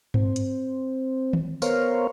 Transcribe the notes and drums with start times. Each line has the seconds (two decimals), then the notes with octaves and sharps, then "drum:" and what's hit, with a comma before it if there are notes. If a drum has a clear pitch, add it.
0.14 C4, drum: tom G2
0.36 drum: hi-hat
1.33 drum: tom D#3
1.62 B3 A#4 C5 C#5 F5, drum: tambourine